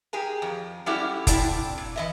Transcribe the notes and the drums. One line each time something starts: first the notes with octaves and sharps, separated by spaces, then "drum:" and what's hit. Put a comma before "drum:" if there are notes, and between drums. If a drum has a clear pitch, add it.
G4 G#4 A#4
F2
G3 C#4 E4 F#4 G4 A4
C4 D4 E4 D5, drum: kick F1, hi-hat
A#2
E3 D#5 E5